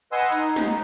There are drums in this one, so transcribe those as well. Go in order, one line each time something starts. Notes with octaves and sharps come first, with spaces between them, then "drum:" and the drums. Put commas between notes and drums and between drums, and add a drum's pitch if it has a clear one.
B4 D#5 F#5 G#5 C6 E6
D#4, drum: hi-hat
drum: snare